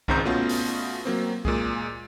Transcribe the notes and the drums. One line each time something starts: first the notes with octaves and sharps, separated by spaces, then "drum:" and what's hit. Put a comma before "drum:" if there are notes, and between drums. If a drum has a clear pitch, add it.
G#1 C#2 G#2 C4 A#5 G6, drum: kick C2
B2 A3 B3 C#4 F4
drum: open hi-hat
F#3 A#3 C4
A#2 G#3 G#4, drum: kick C2